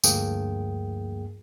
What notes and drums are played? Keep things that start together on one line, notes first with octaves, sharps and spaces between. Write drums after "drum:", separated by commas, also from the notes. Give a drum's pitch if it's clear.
D2 G2 F3 A#3 G#4 G5, drum: tambourine